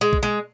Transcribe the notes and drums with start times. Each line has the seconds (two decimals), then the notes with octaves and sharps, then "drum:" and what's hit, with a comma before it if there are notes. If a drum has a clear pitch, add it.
0.01 G#3
0.13 drum: kick
0.23 G#3